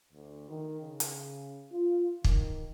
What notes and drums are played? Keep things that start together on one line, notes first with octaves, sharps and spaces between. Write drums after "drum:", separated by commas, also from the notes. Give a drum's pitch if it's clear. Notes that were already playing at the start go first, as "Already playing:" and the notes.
D2
D#3
C#3
drum: hi-hat
F4
D#3, drum: kick